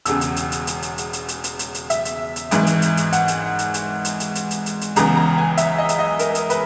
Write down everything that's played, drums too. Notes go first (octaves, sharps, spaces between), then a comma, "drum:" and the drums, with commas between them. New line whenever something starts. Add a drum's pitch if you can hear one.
E1 E2 C#3 E6, drum: hi-hat
drum: hi-hat
drum: hi-hat
drum: hi-hat
drum: hi-hat
drum: hi-hat
drum: hi-hat
drum: hi-hat
drum: hi-hat
drum: hi-hat
drum: hi-hat
drum: hi-hat
E5, drum: hi-hat
drum: hi-hat
drum: hi-hat
G#1 G#2 E3, drum: hi-hat
drum: hi-hat
drum: hi-hat
drum: hi-hat
F#5, drum: hi-hat
drum: hi-hat
drum: hi-hat
drum: hi-hat
drum: hi-hat
drum: hi-hat
drum: hi-hat
drum: hi-hat
drum: hi-hat
drum: hi-hat
C#2 C#3 E3 B3 A#5, drum: hi-hat
A#5
G#5
E5, drum: hi-hat
D#5
drum: hi-hat
D#5
A#4, drum: hi-hat
drum: hi-hat
B4, drum: hi-hat